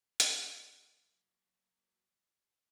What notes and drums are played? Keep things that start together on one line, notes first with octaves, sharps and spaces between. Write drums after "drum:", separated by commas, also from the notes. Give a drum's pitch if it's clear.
F#3 A#3, drum: hi-hat